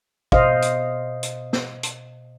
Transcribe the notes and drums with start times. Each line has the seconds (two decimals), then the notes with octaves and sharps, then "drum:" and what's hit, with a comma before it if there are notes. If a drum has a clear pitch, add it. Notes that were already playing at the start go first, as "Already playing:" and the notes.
0.32 B2 C5 D#5 F5, drum: kick
0.62 drum: hi-hat
1.23 drum: hi-hat
1.53 drum: snare
1.83 drum: hi-hat